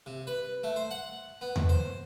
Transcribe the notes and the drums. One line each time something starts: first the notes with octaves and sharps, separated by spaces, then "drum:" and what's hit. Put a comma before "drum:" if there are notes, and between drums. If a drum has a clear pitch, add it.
C3
B4
A3
C5
F#5
B3
drum: tom E2
C5